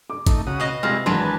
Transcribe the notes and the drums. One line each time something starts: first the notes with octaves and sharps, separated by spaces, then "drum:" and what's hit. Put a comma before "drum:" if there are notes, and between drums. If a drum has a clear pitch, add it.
D6
A3 D#4, drum: kick, hi-hat
C#3 F#4 D#6
B2 D#5
C3 G3 G#3 F4 F6 A#6
G#1 E2 F#3 D4 B4 G#5 A5 C6